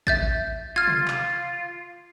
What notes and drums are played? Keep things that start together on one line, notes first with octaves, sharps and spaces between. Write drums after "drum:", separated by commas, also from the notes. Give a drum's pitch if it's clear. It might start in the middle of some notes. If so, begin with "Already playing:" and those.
E5 G6 A6, drum: kick A1
F4 F6 G#6
drum: tom C3
drum: clap